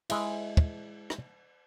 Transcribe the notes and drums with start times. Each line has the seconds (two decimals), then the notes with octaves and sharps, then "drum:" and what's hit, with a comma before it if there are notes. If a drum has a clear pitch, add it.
0.10 G#3 E4, drum: cymbal
0.57 drum: kick
1.10 drum: rim click